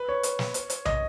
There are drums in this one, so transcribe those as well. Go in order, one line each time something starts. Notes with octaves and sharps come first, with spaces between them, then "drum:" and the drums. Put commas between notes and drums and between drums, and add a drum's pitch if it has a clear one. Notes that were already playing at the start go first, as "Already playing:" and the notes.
Already playing: B4
C#5
drum: hi-hat
drum: snare
drum: hi-hat
drum: hi-hat
D#5, drum: tom B1